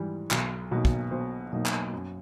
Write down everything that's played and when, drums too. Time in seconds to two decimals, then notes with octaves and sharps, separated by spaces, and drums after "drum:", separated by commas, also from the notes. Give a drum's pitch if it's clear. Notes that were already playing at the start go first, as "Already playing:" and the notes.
Already playing: G#2 E3 G3
0.31 B1, drum: clap
0.71 B2 F#3 A#3 D#4
0.85 drum: kick
1.11 B1 C5
1.53 B2 F#3 A#3 D#4
1.66 drum: clap
1.93 F#2